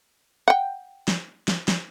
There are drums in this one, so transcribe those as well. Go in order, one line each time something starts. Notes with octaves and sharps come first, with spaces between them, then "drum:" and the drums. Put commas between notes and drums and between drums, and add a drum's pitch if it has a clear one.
F#5 G5
drum: snare
drum: snare
drum: snare